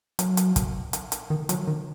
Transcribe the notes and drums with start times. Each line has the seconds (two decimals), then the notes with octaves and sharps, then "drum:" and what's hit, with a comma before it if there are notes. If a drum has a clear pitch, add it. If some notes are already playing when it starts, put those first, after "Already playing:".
0.19 F#3, drum: hi-hat
0.37 drum: hi-hat
0.56 drum: kick, hi-hat
0.93 drum: hi-hat
1.12 drum: hi-hat
1.30 D#3
1.49 F#3, drum: hi-hat
1.68 D#3